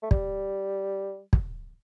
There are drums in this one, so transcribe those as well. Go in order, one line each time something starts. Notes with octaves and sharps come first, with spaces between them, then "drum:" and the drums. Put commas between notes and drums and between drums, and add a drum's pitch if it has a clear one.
A3
G3, drum: kick
drum: kick